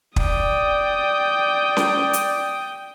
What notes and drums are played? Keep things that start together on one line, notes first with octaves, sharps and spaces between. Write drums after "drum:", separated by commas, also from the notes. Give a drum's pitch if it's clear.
D5 G5 D#6, drum: kick
drum: snare C#4
drum: hi-hat